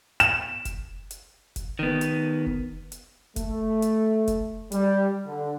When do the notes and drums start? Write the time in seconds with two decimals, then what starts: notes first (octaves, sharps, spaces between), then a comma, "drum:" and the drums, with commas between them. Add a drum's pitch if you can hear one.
0.20 E7, drum: hi-hat
0.65 drum: kick F1, hi-hat
1.11 drum: hi-hat
1.56 drum: kick F1, hi-hat
1.79 D#3 B3
2.01 drum: hi-hat
2.46 drum: kick F1
2.92 drum: hi-hat
3.36 A3, drum: kick F1, hi-hat
3.82 drum: hi-hat
4.28 drum: kick F1, hi-hat
4.72 G3, drum: hi-hat
5.26 D3